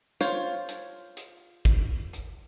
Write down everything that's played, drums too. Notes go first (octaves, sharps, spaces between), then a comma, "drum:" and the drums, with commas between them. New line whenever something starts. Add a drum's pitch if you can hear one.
F4 C5 C#5, drum: hi-hat
drum: hi-hat
drum: hi-hat
drum: kick, hi-hat
drum: hi-hat